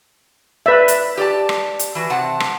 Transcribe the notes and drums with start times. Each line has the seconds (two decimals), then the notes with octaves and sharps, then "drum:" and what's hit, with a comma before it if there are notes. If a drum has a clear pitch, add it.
0.66 B4 D5 E5
0.88 drum: hi-hat
1.17 G4 D5 A5
1.49 drum: rim click
1.79 drum: hi-hat
1.95 E3 F#4
2.10 C3 F#5 A5
2.40 drum: rim click